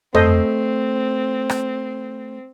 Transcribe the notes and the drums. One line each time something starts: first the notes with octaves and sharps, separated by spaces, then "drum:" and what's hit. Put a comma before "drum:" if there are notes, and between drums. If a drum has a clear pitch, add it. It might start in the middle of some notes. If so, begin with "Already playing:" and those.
A3 C4 A4 C5 D#5, drum: tom F2
drum: rim click